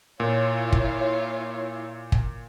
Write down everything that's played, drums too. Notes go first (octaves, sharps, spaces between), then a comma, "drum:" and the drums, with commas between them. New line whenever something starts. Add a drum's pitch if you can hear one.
A#2 E4 F4 C#5
drum: kick
drum: kick